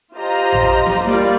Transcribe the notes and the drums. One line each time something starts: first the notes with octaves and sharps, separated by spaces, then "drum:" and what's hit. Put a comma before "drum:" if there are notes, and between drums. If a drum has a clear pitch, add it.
F4 G4 C5 D#5 A#5
drum: tom A1
drum: snare
G3 A#3 F4 D5